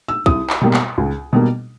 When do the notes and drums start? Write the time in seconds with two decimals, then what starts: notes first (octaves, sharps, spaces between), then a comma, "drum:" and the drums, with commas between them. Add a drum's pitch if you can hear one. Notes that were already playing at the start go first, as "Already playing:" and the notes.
0.08 E6
0.26 C2 D#6, drum: kick
0.50 drum: clap
0.61 B2 G3 A#3
0.74 drum: clap
0.98 C#2
1.33 B2 G3 A#3